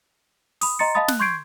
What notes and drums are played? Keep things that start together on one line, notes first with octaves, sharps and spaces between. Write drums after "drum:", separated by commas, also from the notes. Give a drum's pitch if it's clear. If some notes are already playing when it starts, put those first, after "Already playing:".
B5 D#6, drum: open hi-hat
D#5 A#5 C6 A6 C#7
D#5 F5 A5 B5 D#6 A6
F#6, drum: snare
C6 C#6 G6 G#6 C7 D7